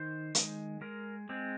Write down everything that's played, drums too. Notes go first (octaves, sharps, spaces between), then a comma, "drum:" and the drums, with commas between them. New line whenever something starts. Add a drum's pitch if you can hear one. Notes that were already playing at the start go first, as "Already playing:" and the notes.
Already playing: D#3 C5
G#3, drum: hi-hat
G#3 A#4
G#3 C4